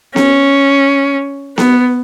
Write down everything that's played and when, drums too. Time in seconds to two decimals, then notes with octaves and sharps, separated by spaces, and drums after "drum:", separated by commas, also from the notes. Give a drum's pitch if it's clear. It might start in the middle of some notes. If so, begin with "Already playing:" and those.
0.16 C#4, drum: snare B3
1.58 B3, drum: snare B3